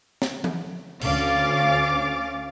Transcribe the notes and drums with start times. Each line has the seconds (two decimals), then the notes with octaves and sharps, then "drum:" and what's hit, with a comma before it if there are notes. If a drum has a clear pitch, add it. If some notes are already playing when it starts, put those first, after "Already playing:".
0.22 drum: snare
0.44 drum: tom E3
1.01 D2 C#4 F5 D6 A6, drum: cymbal